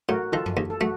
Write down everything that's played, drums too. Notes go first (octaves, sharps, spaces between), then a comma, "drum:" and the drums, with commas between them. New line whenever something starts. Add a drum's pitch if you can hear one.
A2 F#4 A#4
D#3 F4 A4
drum: tom F#2
D#2
A4
A3 F#4